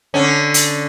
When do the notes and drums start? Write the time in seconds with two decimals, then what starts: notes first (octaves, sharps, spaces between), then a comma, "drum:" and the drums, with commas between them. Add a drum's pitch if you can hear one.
0.14 D3 C#4
0.54 drum: hi-hat